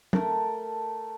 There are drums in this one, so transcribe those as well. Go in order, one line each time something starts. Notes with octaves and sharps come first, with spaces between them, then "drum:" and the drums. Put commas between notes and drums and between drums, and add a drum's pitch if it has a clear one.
A3 A4 A#4, drum: tom